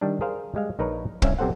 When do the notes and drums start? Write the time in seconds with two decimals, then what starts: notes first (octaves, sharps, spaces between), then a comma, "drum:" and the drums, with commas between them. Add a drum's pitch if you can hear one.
0.01 D#3 G3 D4
0.21 G#4 A#4 C5 F5
0.55 G3 G#3 F5
0.79 A#1 D#4 A#4 B4 C#5 A#5
1.22 C2 C#4 E5 F5, drum: kick
1.39 B1 C3 C4 A4 C5 F#5